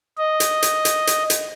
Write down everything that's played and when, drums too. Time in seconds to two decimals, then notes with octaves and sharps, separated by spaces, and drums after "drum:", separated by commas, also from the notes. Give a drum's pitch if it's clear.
0.18 D#5
0.40 drum: hi-hat
0.62 drum: hi-hat
0.85 drum: hi-hat
1.07 drum: hi-hat
1.30 drum: hi-hat